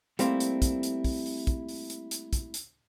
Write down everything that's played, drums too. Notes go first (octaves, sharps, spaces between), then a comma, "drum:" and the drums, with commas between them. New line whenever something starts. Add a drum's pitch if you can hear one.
G3 A3 A#3 C4 E4, drum: hi-hat
drum: hi-hat
drum: kick, hi-hat
drum: hi-hat
drum: kick, open hi-hat
drum: open hi-hat
drum: kick, hi-hat
drum: open hi-hat
drum: hi-hat
drum: hi-hat
drum: kick, hi-hat
drum: hi-hat